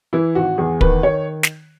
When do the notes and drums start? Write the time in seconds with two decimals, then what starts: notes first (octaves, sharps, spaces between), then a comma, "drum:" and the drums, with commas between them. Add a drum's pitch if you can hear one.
0.13 E3 E4
0.35 G#1 F#4
0.58 E2 G#4
0.81 D#3 B4, drum: kick
1.03 D#3 C#5
1.43 drum: snare